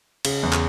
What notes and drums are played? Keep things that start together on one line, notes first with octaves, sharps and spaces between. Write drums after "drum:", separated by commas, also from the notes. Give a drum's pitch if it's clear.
C#3, drum: cymbal
E2
drum: clap